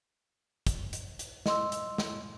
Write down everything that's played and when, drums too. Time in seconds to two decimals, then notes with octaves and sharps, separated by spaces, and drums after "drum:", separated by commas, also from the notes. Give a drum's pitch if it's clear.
0.67 drum: kick, hi-hat
0.93 drum: hi-hat
1.19 drum: hi-hat
1.46 D#5 C6 E6, drum: snare
1.72 drum: hi-hat
1.98 drum: snare